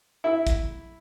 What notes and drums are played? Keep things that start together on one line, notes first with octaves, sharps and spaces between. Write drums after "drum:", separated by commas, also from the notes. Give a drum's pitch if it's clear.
E4
drum: kick, hi-hat